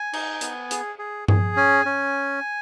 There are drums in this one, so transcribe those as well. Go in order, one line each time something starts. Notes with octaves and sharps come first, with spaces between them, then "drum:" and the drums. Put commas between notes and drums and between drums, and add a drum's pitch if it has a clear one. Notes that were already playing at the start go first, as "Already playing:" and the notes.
Already playing: G#5
D#4, drum: cymbal
B3, drum: hi-hat
G#4, drum: hi-hat
G#4
G#4, drum: tom G2
C#4 G#5
C#4